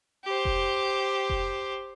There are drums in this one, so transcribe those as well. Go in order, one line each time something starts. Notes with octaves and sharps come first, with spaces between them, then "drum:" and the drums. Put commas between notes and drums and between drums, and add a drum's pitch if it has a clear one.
G4 C5
drum: kick F1
drum: kick F1